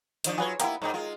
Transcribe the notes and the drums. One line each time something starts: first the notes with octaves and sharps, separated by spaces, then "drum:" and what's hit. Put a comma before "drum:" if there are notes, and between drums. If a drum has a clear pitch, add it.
D#3 F3 D4, drum: hi-hat
F#3 F4 G#4 B4 C#5
A#3 B3 E4 G4, drum: hi-hat
G#2 D#3 F#3 D#4
G#3 F4